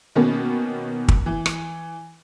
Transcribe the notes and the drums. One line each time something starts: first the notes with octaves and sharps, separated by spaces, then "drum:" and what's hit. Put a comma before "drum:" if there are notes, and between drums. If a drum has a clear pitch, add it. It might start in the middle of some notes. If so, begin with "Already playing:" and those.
B2 D#3 A#3 B3 C#4
drum: kick
E3
drum: rim click